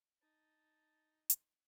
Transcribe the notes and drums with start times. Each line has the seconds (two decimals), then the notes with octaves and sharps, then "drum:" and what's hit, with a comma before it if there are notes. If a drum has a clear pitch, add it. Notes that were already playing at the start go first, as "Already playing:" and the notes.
0.22 D#4 A5
1.30 drum: hi-hat